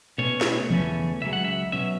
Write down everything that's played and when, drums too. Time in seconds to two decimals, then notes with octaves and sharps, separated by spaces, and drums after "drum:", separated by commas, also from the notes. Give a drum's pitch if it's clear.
0.18 B2 A3 C#4 C#5
0.41 drum: snare
0.70 E2 C#3 E3 A3 C#4, drum: tom E3
1.21 C#2 C#3 F#3 E5
1.33 F#5
1.45 E5
1.72 B2 F#3 C#4 E5